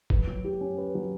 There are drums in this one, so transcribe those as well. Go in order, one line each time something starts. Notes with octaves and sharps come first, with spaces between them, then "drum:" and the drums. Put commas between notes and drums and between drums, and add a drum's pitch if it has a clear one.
B4, drum: kick
F#3
G4
C#4
B4
F#3